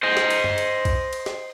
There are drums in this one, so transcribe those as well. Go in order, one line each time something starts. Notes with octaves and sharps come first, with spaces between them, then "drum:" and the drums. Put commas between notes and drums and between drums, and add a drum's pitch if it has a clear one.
C5 D#5
drum: snare
drum: cymbal
drum: tom F#2
drum: cymbal
drum: kick B1, cymbal
drum: cymbal
drum: snare